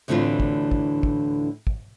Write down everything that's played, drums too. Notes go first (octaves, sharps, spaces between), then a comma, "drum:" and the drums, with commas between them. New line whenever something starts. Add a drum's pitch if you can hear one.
D2 A2 D3 E3 C4 F4
drum: kick
drum: kick
drum: kick
drum: kick